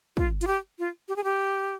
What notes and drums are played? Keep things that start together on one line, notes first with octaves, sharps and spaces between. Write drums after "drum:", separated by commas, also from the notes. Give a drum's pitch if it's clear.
F4, drum: kick
F4, drum: hi-hat
G4
F4
G4
G#4
G4